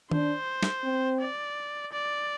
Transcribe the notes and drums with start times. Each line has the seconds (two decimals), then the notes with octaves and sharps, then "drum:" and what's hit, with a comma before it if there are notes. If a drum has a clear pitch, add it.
0.11 D4 C5, drum: tom D#3
0.63 drum: snare
0.84 C4
1.20 D5
1.92 D5